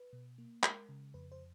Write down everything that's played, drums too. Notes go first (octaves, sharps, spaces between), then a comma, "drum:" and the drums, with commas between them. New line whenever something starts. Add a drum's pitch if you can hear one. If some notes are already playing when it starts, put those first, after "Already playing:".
Already playing: B4
B2
A#3
G#3 A#4, drum: clap
C#3
F2 B4
C5